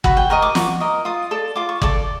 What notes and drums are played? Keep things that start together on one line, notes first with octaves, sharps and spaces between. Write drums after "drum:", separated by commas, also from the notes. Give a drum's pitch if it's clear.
F#4 B5, drum: kick
G5
A#4 D#5 C#6
D6
F#4 C#6, drum: snare
A#4 D#5
F4 D#6
A4 D5
F4 D6
C#6
A4 D5 D6, drum: kick